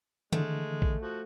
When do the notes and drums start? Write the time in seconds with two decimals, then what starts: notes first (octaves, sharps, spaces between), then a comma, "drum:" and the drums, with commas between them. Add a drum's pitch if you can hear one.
0.32 D3 E3 G#3 A3, drum: tom D#3
0.82 drum: kick A#1
1.02 F3 F#4